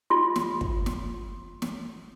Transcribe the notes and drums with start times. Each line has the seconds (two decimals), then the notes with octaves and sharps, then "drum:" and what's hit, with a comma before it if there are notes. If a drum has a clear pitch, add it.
0.10 F4 C6
0.36 drum: snare
0.61 drum: kick
0.86 drum: snare
1.62 drum: snare